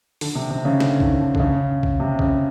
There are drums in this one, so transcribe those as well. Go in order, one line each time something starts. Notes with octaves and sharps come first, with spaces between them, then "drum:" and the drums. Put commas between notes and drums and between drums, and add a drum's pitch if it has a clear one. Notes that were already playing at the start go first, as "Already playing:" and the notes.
D3, drum: open hi-hat
C3
C3
C#3
D3, drum: snare
D#3, drum: kick B1
D3
D3, drum: kick B1
C#3
drum: kick B1
C3
C#3, drum: kick B1